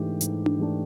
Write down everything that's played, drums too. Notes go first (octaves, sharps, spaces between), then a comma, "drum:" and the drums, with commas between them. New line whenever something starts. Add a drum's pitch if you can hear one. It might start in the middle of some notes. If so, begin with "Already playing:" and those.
Already playing: G#2 E3 A3 D4 G4
G#2, drum: hi-hat
drum: tom D4
E3 A3 D4